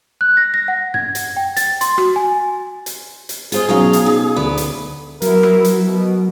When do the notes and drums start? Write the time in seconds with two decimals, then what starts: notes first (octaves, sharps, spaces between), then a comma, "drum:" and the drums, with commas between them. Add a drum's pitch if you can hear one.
0.21 F#6
0.37 A#6
0.54 A#6
0.68 F#5
0.94 G#6, drum: tom F#2
1.15 drum: hi-hat
1.37 G5
1.57 A6, drum: hi-hat
1.81 C6, drum: hi-hat
1.98 F#4, drum: rim click
2.16 G#5
2.86 drum: hi-hat
3.29 drum: hi-hat
3.52 F4 G#4 C5 D#5, drum: hi-hat
3.69 B2 F#3 C#4 D#4 F#4 F5
3.93 drum: hi-hat
4.06 D#4
4.36 D2 B3 B4 D5
4.57 drum: hi-hat
5.22 F#3 B3 E4 A#4, drum: hi-hat
5.43 drum: rim click
5.64 drum: hi-hat
5.85 B2